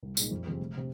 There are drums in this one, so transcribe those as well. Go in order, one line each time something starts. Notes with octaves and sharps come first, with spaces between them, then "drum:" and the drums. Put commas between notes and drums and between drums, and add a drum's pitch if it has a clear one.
C2
A#2 G#3 D#4, drum: tambourine
F2
C3 F3 C4 G#4
F1
C3